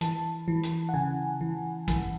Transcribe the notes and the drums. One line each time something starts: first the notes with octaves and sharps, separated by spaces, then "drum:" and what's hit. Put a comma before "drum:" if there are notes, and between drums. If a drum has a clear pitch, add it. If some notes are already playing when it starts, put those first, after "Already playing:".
E3 A5, drum: hi-hat
E3
drum: hi-hat
F#5
C#3 G#5
E3
E3, drum: kick, hi-hat